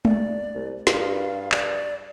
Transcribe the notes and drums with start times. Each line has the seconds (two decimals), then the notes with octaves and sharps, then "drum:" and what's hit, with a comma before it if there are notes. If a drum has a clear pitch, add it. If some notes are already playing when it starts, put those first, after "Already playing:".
0.05 D5, drum: tom G#3
0.55 C2
0.87 G2 F5, drum: snare
1.52 D5, drum: clap